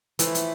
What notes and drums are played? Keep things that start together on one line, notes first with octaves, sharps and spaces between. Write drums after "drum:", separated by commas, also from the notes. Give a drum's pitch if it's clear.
A2 E3 F3 A3 E4, drum: hi-hat
drum: hi-hat